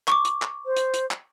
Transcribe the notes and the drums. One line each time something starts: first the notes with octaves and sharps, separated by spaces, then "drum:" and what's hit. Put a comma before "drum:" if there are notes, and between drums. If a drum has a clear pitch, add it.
C#6 D6, drum: clap
drum: hi-hat
drum: clap
C5
drum: hi-hat
drum: hi-hat
drum: clap